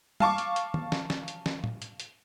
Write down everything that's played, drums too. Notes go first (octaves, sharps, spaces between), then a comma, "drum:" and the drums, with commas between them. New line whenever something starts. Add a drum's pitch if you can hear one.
F5 A5 C#6 D6, drum: tom
drum: hi-hat
drum: hi-hat
drum: tom
drum: snare
drum: snare
drum: hi-hat
drum: snare
drum: tom
drum: hi-hat
drum: hi-hat